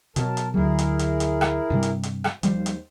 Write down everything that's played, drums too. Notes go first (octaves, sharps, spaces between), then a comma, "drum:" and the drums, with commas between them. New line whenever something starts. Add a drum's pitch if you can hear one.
B2 F#3 A#4 A5, drum: hi-hat
drum: hi-hat
D2 F#3 E4 G#4 A#4
drum: hi-hat
drum: hi-hat
drum: hi-hat
drum: rim click
G2 C3 G3
drum: hi-hat
drum: hi-hat
drum: rim click
D#2 F3 G3 C5, drum: hi-hat
drum: hi-hat